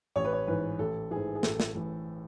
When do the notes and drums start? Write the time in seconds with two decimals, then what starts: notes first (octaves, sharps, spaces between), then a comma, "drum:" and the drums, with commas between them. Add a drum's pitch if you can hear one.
0.16 A1 C#5
0.25 B4
0.33 C#5
0.47 G#2 E3 B4
0.79 A1 A4
1.11 E3 G#4
1.16 G#2
1.35 G#4
1.43 A1 A4, drum: snare
1.60 drum: snare
1.75 A2 E3